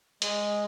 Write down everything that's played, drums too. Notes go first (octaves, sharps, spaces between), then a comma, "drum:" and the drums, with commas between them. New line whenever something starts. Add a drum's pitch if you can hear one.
G#3, drum: hi-hat